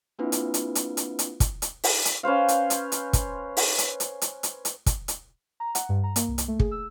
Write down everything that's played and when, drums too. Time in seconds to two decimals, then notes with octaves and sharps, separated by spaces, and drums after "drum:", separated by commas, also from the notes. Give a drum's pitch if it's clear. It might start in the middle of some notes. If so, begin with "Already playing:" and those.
0.19 A#3 C4 D4 E4 F4 B4
0.32 drum: hi-hat
0.54 drum: hi-hat
0.75 drum: hi-hat
0.97 drum: hi-hat
1.19 drum: hi-hat
1.40 drum: kick, hi-hat
1.62 drum: hi-hat
1.84 drum: open hi-hat
2.05 drum: hi-hat
2.23 C#4 B4 C5 F5
2.48 drum: hi-hat
2.70 drum: hi-hat
2.92 drum: hi-hat
3.13 drum: kick, hi-hat
3.57 drum: open hi-hat
3.78 drum: hi-hat
4.00 drum: hi-hat
4.22 drum: hi-hat
4.43 drum: hi-hat
4.65 drum: hi-hat
4.86 drum: kick, hi-hat
5.08 drum: hi-hat
5.60 A#5
5.75 F#5, drum: hi-hat
5.89 G2
6.04 A#5
6.16 A#3, drum: hi-hat
6.28 C2
6.38 drum: hi-hat
6.48 A3
6.59 G#4, drum: kick
6.71 E6